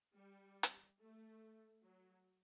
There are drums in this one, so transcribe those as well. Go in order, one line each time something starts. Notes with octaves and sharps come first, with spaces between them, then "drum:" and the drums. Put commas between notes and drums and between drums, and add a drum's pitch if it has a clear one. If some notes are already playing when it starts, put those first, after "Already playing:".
G3
drum: hi-hat
A3
F#3